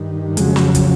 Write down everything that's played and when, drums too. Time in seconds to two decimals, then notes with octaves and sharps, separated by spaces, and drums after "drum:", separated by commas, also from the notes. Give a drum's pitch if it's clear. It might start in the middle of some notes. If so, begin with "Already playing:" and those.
Already playing: G2 D#3
0.37 F2 C#3 F#3 G#3, drum: hi-hat
0.56 drum: snare
0.75 drum: kick, hi-hat